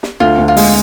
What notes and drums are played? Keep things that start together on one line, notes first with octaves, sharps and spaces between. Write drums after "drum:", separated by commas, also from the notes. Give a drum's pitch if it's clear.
drum: snare
D2 F4
D2
F4
G#3, drum: open hi-hat